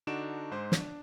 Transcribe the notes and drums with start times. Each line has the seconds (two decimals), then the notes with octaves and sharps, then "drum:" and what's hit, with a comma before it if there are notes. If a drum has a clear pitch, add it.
0.07 D3 D4 D#4 F#4 D7 E7
0.51 G#2 G#3 C5
0.72 D4, drum: snare